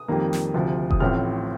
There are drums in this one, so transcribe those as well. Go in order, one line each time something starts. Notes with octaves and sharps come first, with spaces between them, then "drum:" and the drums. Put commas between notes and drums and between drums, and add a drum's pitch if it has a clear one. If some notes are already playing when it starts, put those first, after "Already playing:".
Already playing: D#6
F2 D#3 G3 A#3
drum: snare
D2 C3 F3
D#6, drum: kick F1
A1 A2 F3 C4 F6